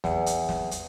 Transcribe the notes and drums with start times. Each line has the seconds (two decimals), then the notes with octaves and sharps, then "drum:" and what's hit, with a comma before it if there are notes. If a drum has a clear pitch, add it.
0.04 E2, drum: snare
0.26 drum: hi-hat
0.49 drum: snare
0.71 drum: hi-hat